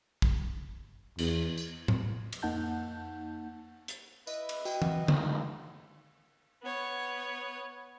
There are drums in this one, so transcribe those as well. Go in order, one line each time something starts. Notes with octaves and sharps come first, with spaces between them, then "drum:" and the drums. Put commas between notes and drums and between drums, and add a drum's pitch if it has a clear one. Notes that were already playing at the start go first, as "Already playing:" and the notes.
drum: kick
E2, drum: cymbal
drum: tambourine
drum: tom A2
drum: cymbal
F2 A#3 D#4 F#5 A5 G6
drum: hi-hat
E4 B4 D#5, drum: tambourine
drum: cymbal
F#4 G5, drum: tambourine
F#5, drum: tom E3
C#2 D#3, drum: tom
B3 C#5